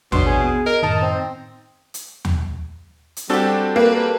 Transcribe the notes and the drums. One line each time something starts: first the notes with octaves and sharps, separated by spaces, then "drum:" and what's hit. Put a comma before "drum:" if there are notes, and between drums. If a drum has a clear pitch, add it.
A1 B2 D4 C#5 C6, drum: tom
G#4
B3
A#4 D#5
F#2 A2 D#3 D#4 A5
C4
drum: hi-hat
drum: tom
drum: hi-hat
G3 C4 D4 F#4 G4 A4
A#3 B4